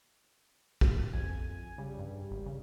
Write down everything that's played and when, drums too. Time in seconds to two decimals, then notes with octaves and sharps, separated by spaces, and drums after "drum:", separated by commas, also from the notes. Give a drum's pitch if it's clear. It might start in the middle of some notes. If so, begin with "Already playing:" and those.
0.81 drum: kick A#1
1.13 F2 G#5
1.78 C#3 G3
1.99 G2
2.31 G#1
2.46 C#3